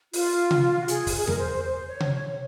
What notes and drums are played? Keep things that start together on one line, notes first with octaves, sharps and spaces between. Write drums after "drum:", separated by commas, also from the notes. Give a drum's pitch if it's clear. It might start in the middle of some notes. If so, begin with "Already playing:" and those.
F4, drum: open hi-hat
drum: tom C3
F#4
G#4, drum: hi-hat
drum: kick, open hi-hat
G#4
A#4, drum: tom E2
C5
C5
C#5
drum: tom C3
C#5